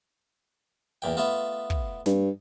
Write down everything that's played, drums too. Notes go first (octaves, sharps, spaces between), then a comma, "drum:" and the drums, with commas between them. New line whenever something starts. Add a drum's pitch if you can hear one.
E2 A#2 G5
A3 B3 F4
drum: kick
G2, drum: snare